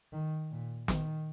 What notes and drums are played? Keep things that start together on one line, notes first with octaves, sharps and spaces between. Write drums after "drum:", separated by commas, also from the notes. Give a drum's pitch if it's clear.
D#3
A#2
D#3, drum: snare